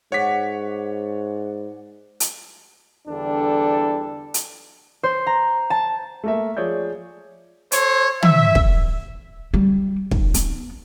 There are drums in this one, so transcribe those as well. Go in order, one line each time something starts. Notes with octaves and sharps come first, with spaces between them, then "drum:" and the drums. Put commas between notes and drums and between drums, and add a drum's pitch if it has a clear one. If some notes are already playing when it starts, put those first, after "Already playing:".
G#2 C#5 D5 F#5 B6
drum: hi-hat
E2 D3 G3 D4 A4
drum: hi-hat
C5
A#5
A5
A3 A#3 E5
F3 G#4 C#5 D5 G6
A4 C5 C#5, drum: hi-hat
E5, drum: tom
drum: kick
G3
D#4, drum: kick
B3, drum: hi-hat